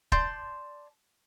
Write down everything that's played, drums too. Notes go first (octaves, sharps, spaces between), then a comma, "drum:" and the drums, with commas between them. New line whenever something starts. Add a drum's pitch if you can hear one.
D5 A5 C6 G6, drum: kick